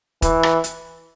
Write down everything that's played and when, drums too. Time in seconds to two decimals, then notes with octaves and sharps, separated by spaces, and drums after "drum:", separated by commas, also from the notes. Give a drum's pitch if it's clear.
0.22 E3, drum: kick, hi-hat
0.43 drum: rim click
0.64 drum: hi-hat